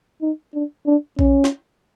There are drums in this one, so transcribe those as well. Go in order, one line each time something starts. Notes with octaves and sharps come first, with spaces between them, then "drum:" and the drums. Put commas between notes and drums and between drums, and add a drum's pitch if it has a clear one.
D#4
D4
D4
C#4, drum: kick A#1
drum: snare